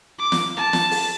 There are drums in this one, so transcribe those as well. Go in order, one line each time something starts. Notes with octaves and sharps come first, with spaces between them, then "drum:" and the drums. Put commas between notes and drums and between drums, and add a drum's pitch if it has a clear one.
D6
drum: snare
A5
drum: snare
drum: open hi-hat